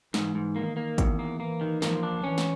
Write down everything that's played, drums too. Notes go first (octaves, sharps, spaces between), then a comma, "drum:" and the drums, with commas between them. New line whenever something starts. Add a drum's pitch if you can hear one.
G#2 E3, drum: snare
G#2
D#3 A#3
A#3
E2, drum: kick, hi-hat
A#3
E3 A#3
D#3
F3 A#3, drum: snare
D4
E3 C#4
drum: snare